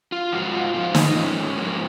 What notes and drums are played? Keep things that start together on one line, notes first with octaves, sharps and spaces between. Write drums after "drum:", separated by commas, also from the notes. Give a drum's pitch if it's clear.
F4
G#2 F3 F#4
F4
G#2 F3 F4
D#4, drum: snare
G#2 F3 C#4
G#2 F3 A#3